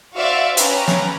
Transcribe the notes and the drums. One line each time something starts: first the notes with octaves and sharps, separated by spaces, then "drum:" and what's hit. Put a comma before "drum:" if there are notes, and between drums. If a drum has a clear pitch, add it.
F#4 C5 D5 E5 F5
C#4 G4 B4 A#5, drum: hi-hat
drum: snare